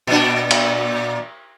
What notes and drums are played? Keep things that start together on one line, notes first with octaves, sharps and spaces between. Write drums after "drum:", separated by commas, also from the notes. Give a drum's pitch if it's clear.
A#2 D4
drum: cymbal